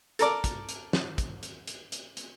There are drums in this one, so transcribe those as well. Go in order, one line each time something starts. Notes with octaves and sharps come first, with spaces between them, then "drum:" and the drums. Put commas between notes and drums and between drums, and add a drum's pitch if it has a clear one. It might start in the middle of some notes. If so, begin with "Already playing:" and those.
A4 A#4 D5, drum: hi-hat
drum: kick, hi-hat
drum: hi-hat
drum: snare
drum: kick, hi-hat
drum: hi-hat
drum: hi-hat
drum: hi-hat
drum: hi-hat